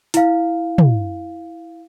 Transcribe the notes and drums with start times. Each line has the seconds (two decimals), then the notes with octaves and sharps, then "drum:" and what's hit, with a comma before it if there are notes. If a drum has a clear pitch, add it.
0.14 E4 F5, drum: hi-hat
0.78 drum: tom